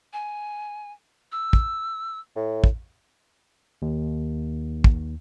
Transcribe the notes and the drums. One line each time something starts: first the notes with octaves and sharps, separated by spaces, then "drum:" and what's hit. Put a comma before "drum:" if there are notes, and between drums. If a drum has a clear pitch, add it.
G#5
E6
drum: kick
A2
drum: kick
D#2
drum: kick